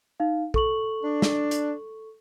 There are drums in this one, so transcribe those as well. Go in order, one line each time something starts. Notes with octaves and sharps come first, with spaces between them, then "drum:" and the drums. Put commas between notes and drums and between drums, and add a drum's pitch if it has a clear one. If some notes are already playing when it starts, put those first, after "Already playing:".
D#4 F5
A4 C#6 F#7, drum: kick
D4
drum: snare
drum: hi-hat